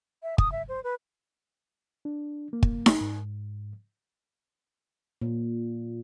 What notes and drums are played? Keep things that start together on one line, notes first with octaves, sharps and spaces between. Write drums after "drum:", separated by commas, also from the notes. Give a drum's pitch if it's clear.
E5
D#6, drum: kick
E5
C5
B4
D4
A#3
drum: kick
drum: snare D#4
G#2
A#2